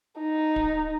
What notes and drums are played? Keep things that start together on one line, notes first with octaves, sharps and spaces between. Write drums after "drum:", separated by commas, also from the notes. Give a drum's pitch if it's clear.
D#4
drum: kick D1